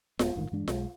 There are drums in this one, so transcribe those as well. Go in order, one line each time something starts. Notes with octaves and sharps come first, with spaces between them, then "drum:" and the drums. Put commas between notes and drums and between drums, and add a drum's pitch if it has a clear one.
D1 D2 G#3 B3, drum: snare F4
A1 D2 G#2 D#3
G2 E3 G#3 D4
B1 G#3, drum: snare F4